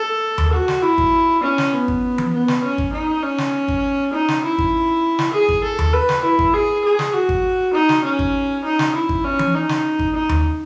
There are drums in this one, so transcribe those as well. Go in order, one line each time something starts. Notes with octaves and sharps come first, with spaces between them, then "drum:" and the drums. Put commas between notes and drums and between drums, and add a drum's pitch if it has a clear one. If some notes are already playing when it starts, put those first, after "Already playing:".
Already playing: A4
drum: tom D#2
F#4
drum: snare
E4
drum: kick G#1
C#4
drum: snare
B3
drum: kick G#1
drum: tom E3
B3
drum: snare
C#4
drum: kick G#1
D#4
C#4
drum: snare
drum: kick G#1
D#4
drum: snare
E4
drum: kick G#1
drum: snare
G#4
drum: kick G#1
A4
drum: tom D#2
B4
drum: snare
E4
drum: kick G#1
G#4
G#4
drum: snare
F#4
drum: kick G#1
D#4
drum: snare
C#4
drum: kick G#1
D#4
drum: snare
E4
drum: kick G#1
C#4
drum: tom E3
D#4
drum: snare
drum: kick G#1
D#4
drum: tom D#2